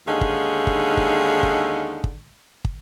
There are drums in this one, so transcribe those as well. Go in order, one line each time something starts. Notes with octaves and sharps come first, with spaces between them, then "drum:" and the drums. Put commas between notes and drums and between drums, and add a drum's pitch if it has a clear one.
D#2 D3 G#3 C#4 D#4 F5
drum: kick
drum: kick
drum: kick
drum: kick
drum: kick
drum: kick